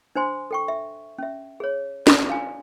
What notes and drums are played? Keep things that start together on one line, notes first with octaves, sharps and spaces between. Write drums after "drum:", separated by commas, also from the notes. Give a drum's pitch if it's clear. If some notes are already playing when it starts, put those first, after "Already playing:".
D4 C5 G#5 C6
A4 G5 C#6
E5
C#4 E5
G#4 C#5
drum: snare
F5 G#5